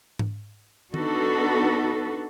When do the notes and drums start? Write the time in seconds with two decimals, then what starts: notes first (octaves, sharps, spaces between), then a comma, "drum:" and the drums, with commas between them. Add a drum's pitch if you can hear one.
0.19 drum: tom G#2
0.94 B3 D4 D#4 F#4 A4 B4, drum: tom D#3